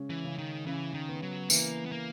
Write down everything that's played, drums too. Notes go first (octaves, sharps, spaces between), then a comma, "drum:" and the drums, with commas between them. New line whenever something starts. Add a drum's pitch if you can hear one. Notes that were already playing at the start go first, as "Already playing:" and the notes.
Already playing: C#3 G#3 C#4
E3
C#3
D#3
C#3 E3
D#3
B3
F#3
E3 A#3, drum: tambourine
B3
A#3